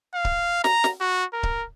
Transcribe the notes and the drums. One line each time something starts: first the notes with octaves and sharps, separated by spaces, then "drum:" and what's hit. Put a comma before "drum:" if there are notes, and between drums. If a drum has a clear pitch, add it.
F5
drum: kick C#1
A#5, drum: snare
drum: snare
F#4
A#4
drum: kick C#1